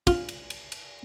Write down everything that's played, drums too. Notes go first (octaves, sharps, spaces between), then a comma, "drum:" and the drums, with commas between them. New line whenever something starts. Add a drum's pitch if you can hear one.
F4, drum: kick, cymbal
drum: cymbal
drum: cymbal
drum: cymbal